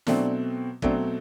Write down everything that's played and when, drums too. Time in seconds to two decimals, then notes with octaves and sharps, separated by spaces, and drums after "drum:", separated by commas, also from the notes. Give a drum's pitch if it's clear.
0.07 B2 F#3 A3 C4 D4, drum: snare
0.82 B2 F#3 A3 C4 D4, drum: kick